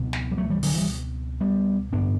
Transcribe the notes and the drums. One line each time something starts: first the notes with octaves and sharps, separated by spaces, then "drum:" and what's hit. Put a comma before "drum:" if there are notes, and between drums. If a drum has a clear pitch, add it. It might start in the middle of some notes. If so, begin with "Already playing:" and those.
Already playing: C#2 B2
drum: snare
G3
F#3 A3
E3 G3
D3 F#3, drum: open hi-hat
E3 G3
G3 B3
A1 G2 D3 B3 D4